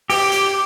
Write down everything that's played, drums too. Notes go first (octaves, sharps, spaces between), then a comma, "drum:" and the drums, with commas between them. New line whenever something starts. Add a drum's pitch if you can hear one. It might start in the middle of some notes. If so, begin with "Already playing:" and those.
G4, drum: open hi-hat
drum: hi-hat